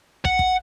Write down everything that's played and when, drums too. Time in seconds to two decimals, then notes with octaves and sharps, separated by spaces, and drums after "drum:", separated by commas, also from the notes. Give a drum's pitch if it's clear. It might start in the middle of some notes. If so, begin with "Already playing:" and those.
0.25 F#5, drum: kick
0.39 drum: kick